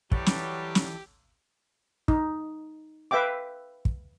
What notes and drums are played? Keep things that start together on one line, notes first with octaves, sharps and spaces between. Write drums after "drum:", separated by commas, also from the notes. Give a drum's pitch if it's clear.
E3 F#3 G3 G4 A4 D5, drum: kick
drum: snare
drum: snare
D#4, drum: kick
B4 E5 F5 G5 D6
drum: kick